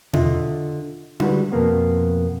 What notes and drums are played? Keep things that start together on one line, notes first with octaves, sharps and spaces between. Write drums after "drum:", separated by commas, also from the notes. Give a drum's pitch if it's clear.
D3 F4 D#5 E5, drum: tom B2
D3 G3 G#3 F#4 B4, drum: tom D4
F2 B2 A#3 B3